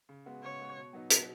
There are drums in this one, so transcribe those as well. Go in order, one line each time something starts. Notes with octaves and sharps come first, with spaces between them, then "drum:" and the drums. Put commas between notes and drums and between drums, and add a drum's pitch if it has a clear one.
C#3
G#3 B3 F#4
C#3 C#5
G#3 B3 F#4
B2
F#3 B3 D#4
B2, drum: hi-hat